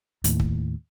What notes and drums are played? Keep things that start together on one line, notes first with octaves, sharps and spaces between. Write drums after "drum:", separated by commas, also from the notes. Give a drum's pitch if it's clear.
D#2 A2, drum: hi-hat
drum: kick